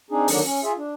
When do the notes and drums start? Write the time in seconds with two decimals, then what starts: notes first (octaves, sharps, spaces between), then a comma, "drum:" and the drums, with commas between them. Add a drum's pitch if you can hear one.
0.11 C4 D4 D#4 G#4
0.28 D3 D#3 F#3 A#3 D4, drum: open hi-hat
0.44 C#4
0.63 F4 G#4 E5
0.78 D4